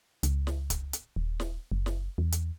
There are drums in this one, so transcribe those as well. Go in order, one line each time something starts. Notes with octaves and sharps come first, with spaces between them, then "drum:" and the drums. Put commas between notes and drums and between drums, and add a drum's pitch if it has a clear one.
C#2, drum: hi-hat
drum: snare
drum: kick, hi-hat
drum: hi-hat
D#1
drum: snare
F#1
drum: snare
E2
drum: hi-hat